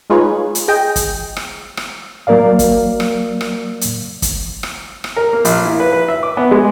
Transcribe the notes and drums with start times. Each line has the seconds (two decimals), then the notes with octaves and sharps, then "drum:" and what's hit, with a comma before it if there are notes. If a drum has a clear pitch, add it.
0.10 G#3 D#4 F4 G#4 B4 C#5
0.55 drum: hi-hat
0.68 G#4 D#5 G5
0.96 drum: kick, hi-hat
1.36 drum: rim click
1.77 drum: rim click
2.27 F#3 A#3 A#4 D5 F5
2.59 drum: kick, hi-hat
3.00 drum: rim click
3.41 drum: rim click
3.81 drum: hi-hat
4.22 drum: kick, hi-hat
4.63 drum: rim click
5.04 drum: rim click
5.17 A#4
5.33 A#3
5.45 A#1, drum: hi-hat
5.65 E4
5.80 B4
5.92 B4
6.08 E5
6.23 D6
6.37 B3
6.51 G#3